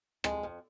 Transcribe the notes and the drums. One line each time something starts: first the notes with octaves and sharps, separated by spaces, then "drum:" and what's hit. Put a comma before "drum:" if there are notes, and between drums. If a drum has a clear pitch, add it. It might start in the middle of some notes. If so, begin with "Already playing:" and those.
F2 G#3, drum: rim click
F2